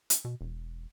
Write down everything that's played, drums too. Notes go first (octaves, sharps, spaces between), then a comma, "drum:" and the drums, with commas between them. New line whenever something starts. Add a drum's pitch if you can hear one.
drum: hi-hat
B2
E1